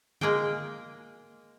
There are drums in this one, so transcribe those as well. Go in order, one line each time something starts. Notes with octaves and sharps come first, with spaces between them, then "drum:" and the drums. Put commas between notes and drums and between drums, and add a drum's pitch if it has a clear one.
G#3 A#3 G#4 G5, drum: tom D3